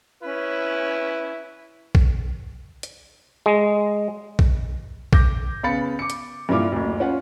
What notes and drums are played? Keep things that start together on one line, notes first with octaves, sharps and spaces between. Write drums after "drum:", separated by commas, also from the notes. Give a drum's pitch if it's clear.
C#4 E4 B4
drum: kick
drum: hi-hat
G#3
drum: kick
D6 G6 A#6, drum: kick
C#3 B3 F5 B5 A6 C#7
D6 C#7
drum: hi-hat
G2 A#2 D3 E4 F4 D6
F#1 D2
C#4 F4 F#5